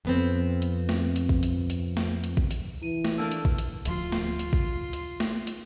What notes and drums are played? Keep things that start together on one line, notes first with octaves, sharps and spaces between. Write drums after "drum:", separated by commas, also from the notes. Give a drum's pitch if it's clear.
F2 B3 C4
drum: hi-hat
drum: snare A3
drum: hi-hat
drum: kick A1
drum: hi-hat
drum: hi-hat
drum: snare A3
drum: hi-hat
drum: kick A1
drum: hi-hat
E3 E4 D#7
drum: snare A3
A3 A#3 D4 E6
drum: hi-hat
drum: kick A1
drum: hi-hat
D1 D2 F3 F4 C6, drum: hi-hat
drum: snare A3
drum: hi-hat
drum: kick A1
drum: hi-hat
drum: snare A3
drum: hi-hat